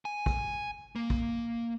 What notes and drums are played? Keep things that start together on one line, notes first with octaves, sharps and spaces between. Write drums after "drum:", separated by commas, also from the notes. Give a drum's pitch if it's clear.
G#5
drum: kick
A#3
drum: kick